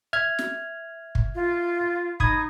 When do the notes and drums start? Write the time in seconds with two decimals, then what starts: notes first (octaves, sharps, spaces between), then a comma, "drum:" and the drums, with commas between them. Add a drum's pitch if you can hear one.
0.13 E5 F6 G#6
0.39 drum: snare
1.15 drum: kick
1.35 F4
2.20 D#4 B5 D#6 G#6, drum: kick